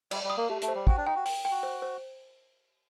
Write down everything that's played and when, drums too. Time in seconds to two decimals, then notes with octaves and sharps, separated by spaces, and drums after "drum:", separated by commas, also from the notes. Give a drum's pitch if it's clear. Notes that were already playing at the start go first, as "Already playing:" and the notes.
0.11 G3 D5, drum: cymbal
0.24 G3
0.30 D#6
0.37 A#3
0.49 A3 G4
0.62 A3, drum: hi-hat
0.68 C5
0.75 G3
0.87 F#4 G5, drum: kick
0.97 D4
1.06 D#4 G5
1.16 F#4
1.26 G5, drum: open hi-hat
1.45 G5
1.51 F#4
1.63 C5
1.82 C5